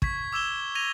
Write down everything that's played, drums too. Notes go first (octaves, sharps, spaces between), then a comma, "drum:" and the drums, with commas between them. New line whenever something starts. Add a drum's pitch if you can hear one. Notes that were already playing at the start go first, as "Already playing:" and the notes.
C#6 G#6 B6, drum: kick
D6 E6 G#6 E7 G7
G#6 A#6 D#7 F7 G7